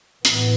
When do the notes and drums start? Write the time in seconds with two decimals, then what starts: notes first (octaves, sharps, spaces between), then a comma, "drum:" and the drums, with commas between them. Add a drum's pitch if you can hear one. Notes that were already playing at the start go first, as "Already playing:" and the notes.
0.25 A2 E3 B3, drum: hi-hat